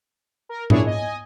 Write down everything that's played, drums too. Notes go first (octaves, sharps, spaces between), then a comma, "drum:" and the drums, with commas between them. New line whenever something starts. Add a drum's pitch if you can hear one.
A#4
F#2 A#2 D4 E4 G#4 C#5, drum: tom G#2
D#5 G#5